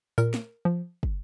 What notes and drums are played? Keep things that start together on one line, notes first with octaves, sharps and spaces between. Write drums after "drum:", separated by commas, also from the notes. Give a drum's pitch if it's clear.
A#2 A#4, drum: tambourine
drum: snare
F3
drum: kick